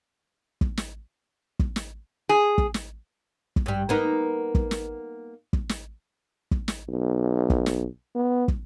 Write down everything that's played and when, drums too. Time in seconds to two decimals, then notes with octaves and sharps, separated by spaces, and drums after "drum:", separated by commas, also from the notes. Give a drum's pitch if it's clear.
0.61 drum: kick
0.77 drum: snare
1.59 drum: kick
1.76 drum: snare
2.29 G#4
2.58 drum: kick
2.74 drum: snare
3.56 drum: kick
3.66 G2 G3
3.89 A#3 B3 D#4
4.55 drum: kick
4.71 drum: snare
5.53 drum: kick
5.69 drum: snare
6.51 drum: kick
6.68 drum: snare
6.89 B1
7.50 drum: kick
7.66 drum: snare
8.15 B3
8.48 drum: kick